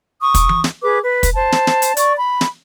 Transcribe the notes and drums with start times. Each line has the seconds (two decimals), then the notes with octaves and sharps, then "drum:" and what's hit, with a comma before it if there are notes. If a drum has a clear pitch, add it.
0.21 C#6 D#6
0.34 drum: kick, hi-hat
0.49 drum: tom E3
0.64 drum: snare
0.83 G#4 B4 D6
1.02 B4
1.23 drum: kick, hi-hat
1.35 C5 A5
1.52 drum: snare
1.67 drum: snare
1.82 drum: hi-hat
1.97 D5 C#6, drum: hi-hat
2.17 B5
2.41 drum: snare